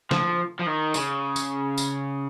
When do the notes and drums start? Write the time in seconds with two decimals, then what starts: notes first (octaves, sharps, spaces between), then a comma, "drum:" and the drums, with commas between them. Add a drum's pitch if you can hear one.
0.11 F3, drum: snare
0.59 F3
0.66 D#3
0.94 C#3, drum: tambourine
1.36 drum: tambourine
1.77 drum: tambourine